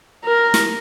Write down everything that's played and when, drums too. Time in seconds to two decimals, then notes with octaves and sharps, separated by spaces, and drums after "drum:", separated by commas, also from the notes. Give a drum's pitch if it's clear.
0.25 A#4
0.54 drum: snare